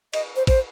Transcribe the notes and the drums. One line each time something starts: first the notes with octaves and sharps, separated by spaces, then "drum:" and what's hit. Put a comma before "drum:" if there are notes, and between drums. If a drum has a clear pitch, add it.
D#5, drum: cymbal
C5
C5, drum: kick A1, cymbal